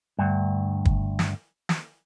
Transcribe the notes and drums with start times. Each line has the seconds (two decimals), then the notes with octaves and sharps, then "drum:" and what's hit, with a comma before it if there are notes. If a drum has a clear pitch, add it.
0.19 D2 G2
0.85 drum: kick
1.19 drum: snare
1.69 drum: snare